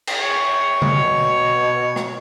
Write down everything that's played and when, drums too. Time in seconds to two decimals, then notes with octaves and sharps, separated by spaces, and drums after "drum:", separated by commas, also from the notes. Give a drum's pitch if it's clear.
0.07 drum: cymbal
0.22 C#5
0.82 B2, drum: tom C#3
1.96 drum: rim click